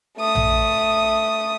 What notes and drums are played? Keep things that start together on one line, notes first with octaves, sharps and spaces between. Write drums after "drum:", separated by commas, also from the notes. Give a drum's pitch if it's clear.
A3 D#6
drum: tom A#1